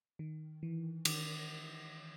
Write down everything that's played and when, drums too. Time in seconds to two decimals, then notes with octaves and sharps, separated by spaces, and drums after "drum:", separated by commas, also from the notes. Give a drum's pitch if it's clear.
0.19 D#3
0.63 E3
1.05 D#3, drum: cymbal